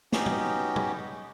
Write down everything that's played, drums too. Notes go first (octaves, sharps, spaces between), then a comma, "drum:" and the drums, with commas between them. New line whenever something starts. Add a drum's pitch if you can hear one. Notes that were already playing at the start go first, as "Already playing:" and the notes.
B3 C#4 D#4 F#4 G4, drum: snare
drum: tom
drum: tom